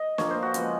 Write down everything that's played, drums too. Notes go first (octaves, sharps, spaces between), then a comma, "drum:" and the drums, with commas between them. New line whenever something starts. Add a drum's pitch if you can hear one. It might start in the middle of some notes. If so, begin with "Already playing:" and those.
Already playing: D#5
A#2 F3 A#3 C#5, drum: snare
C5
F#4
C#3 F3 G#3 B3, drum: hi-hat